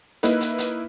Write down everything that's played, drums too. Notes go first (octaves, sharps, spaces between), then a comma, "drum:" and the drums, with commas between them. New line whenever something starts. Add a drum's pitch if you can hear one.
A#3 D#4 E4 B4, drum: hi-hat
drum: hi-hat
drum: hi-hat